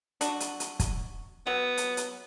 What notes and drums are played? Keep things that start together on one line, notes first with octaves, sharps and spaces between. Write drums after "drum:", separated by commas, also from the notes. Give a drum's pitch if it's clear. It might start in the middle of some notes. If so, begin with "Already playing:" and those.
D4 F#4, drum: hi-hat
drum: hi-hat
drum: hi-hat
drum: kick, hi-hat
F#3 B3
drum: hi-hat
drum: hi-hat